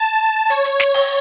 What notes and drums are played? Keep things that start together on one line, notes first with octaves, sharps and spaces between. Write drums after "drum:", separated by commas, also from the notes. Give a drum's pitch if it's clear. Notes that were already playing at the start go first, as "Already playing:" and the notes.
Already playing: A5
C#5, drum: hi-hat
drum: hi-hat
drum: snare
drum: open hi-hat